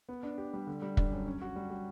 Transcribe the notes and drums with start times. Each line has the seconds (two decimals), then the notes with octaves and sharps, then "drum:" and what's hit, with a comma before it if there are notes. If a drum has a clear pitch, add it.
0.09 B3
0.23 D4
0.38 G4
0.53 G3
0.67 D3
0.82 G3
0.97 D4, drum: kick
1.12 F#2
1.27 C#4
1.42 F#4
1.56 G3
1.70 G3